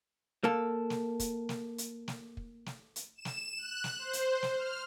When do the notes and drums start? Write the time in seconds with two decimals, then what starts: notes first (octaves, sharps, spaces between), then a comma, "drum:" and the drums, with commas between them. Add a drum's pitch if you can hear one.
0.44 A#3 A4
0.90 drum: snare
1.20 drum: kick, hi-hat
1.49 drum: snare
1.78 drum: hi-hat
2.08 drum: snare
2.37 drum: kick
2.66 drum: snare
2.96 drum: hi-hat
3.15 E7
3.25 drum: snare
3.58 F#6
3.84 drum: snare
3.99 C5
4.13 drum: hi-hat
4.43 drum: snare
4.56 F6